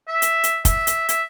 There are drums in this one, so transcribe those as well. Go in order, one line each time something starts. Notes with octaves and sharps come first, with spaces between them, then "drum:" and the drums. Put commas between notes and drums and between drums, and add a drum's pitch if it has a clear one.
E5
drum: hi-hat
drum: hi-hat
E5, drum: kick, hi-hat
drum: hi-hat
E5, drum: hi-hat